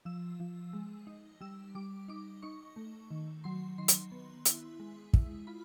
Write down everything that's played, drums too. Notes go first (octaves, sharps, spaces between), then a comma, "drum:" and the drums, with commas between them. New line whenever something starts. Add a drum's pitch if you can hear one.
F3 E6
F3
G#3
D#4
G3 E6
G3 D6
D#4 D6
D#4 C#6
A3
D#3
F#3 C6
D#3 C6
drum: hi-hat
B3
E4, drum: hi-hat
G#3
E4, drum: kick
F4 B5